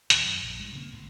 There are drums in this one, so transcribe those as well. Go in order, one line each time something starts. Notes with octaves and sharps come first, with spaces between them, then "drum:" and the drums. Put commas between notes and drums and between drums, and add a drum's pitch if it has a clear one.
D#2 A#2, drum: hi-hat
F#2
A#1
G#2 G3
C#3 A#3 C4
A1 G#2 B2 D3